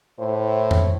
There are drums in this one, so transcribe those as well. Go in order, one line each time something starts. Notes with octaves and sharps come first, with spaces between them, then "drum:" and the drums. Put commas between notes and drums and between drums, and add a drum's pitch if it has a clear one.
A2 C5
drum: tom F2